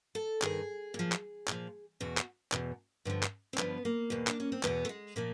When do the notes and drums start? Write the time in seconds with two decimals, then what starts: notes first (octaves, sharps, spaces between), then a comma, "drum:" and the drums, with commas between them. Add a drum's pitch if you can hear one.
0.15 A4
0.42 G2 D#3 G#4, drum: clap
0.94 A#2
0.99 F3
1.12 drum: clap
1.48 A#2 F3, drum: clap
2.00 E2 B2 F#4
2.18 drum: clap
2.52 E2 B2, drum: clap
3.05 G2 D3 F3
3.23 drum: clap
3.53 C4
3.58 G2 D3 F3 B3, drum: clap
3.85 A#3
4.10 E2 B2
4.27 D4, drum: clap
4.40 C#4
4.52 C4
4.63 E2 B2 B3, drum: clap
4.85 A3
4.89 G#3
5.16 A#2 F3 A#3